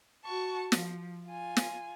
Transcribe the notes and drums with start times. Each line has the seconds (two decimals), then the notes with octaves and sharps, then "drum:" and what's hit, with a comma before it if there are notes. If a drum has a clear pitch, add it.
0.24 F#4 A5 C#6
0.72 F3, drum: snare
1.28 F4 G#5
1.57 drum: snare